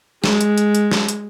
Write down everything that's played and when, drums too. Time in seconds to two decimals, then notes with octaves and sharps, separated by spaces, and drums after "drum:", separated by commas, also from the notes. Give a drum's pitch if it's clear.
0.24 G#3, drum: snare
0.41 drum: hi-hat
0.58 drum: hi-hat
0.75 drum: hi-hat
0.92 drum: snare
1.08 drum: hi-hat